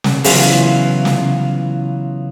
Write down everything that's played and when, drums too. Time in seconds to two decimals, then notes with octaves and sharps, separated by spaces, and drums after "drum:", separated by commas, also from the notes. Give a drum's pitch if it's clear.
0.04 drum: snare
0.24 C#3 E3 F#3 B3 E4 F4, drum: open hi-hat
1.05 drum: snare